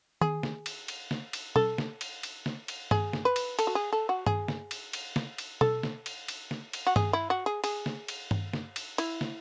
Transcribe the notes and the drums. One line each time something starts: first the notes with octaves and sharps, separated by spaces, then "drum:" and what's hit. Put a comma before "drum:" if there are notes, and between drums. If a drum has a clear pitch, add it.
G#4, drum: tom D#3
drum: snare
drum: cymbal
drum: cymbal
drum: snare
drum: cymbal
A4, drum: tom
drum: snare
drum: cymbal
drum: cymbal
drum: snare
drum: cymbal
G#4, drum: tom G2
drum: snare
B4
drum: cymbal
A4, drum: cymbal
F#4
G#4
A4
F#4
G#4, drum: tom G2
drum: snare
drum: cymbal
drum: cymbal
drum: snare
drum: cymbal
A4, drum: tom B2
drum: snare
drum: cymbal
drum: cymbal
drum: snare
drum: cymbal
F#4
G#4, drum: tom G2
E4
F#4
G#4
G#4, drum: cymbal
drum: snare
drum: cymbal
drum: tom G2
drum: snare
drum: cymbal
E4, drum: cymbal
drum: snare